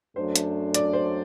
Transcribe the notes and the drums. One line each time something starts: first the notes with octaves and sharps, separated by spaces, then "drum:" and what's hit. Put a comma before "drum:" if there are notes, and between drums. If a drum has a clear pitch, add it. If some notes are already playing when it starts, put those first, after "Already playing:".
F#2 F#3 A3 D4 C5
drum: hi-hat
D5, drum: hi-hat
C5